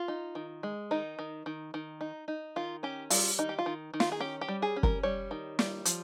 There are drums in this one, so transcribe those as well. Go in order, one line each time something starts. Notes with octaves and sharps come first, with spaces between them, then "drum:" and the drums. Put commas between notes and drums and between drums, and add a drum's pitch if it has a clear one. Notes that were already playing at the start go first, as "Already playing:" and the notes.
Already playing: F4
D#4
D#3
G#3
D#3 D#4
D#3
D#3
D#3
D#4
D#4
D#3 F4
C#4 G4
G3 F4, drum: open hi-hat
D#3 D#4
G4
F4
D#3
D#3
F4, drum: snare
G#4
C#4 G4
G4
G3
G#4
C#4
A#4, drum: kick
G3 C#5
D#3
G3, drum: snare
F3, drum: hi-hat